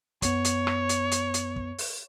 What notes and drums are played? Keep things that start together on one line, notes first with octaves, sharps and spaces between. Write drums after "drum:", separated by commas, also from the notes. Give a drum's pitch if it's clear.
F#2 B3 C#5, drum: kick, hi-hat
drum: hi-hat
drum: rim click
drum: hi-hat
drum: hi-hat
drum: hi-hat
drum: kick
drum: open hi-hat